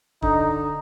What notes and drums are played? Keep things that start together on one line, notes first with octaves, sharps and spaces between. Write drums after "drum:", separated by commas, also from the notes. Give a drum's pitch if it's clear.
D3 D#4, drum: kick